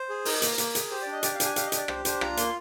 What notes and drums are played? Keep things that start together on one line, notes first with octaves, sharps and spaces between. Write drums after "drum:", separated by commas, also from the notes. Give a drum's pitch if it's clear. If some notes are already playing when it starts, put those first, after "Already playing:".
Already playing: C5
G#4
D#4 A#4, drum: open hi-hat
A#3, drum: hi-hat
A#3, drum: hi-hat
G#4, drum: hi-hat
G4 C5
D4 D5
D#5
G4 D5, drum: hi-hat
F5
D4, drum: hi-hat
G#5
G4 F5, drum: hi-hat
D#5
D4, drum: hi-hat
D5
G4 C5, drum: rim click
D4 C5, drum: hi-hat
F4 A#5, drum: rim click
A#3 C6, drum: hi-hat